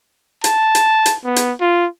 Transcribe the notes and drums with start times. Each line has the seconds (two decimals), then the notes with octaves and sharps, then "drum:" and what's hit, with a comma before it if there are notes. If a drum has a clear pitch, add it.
0.44 A5, drum: hi-hat
0.75 drum: hi-hat
1.06 drum: hi-hat
1.25 B3
1.36 drum: hi-hat
1.61 F4